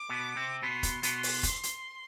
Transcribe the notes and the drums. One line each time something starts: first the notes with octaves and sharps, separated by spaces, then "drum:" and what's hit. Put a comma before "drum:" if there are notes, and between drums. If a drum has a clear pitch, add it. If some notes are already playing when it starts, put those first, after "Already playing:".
Already playing: D6
B2 B3
C3 C4
B2 B3 C6
drum: kick F1, hi-hat
B2 B3, drum: hi-hat
drum: open hi-hat
drum: kick F1, hi-hat
drum: hi-hat